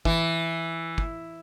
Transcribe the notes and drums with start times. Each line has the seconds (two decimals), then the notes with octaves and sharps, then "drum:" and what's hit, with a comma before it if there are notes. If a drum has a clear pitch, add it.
0.05 E3, drum: kick
0.98 drum: kick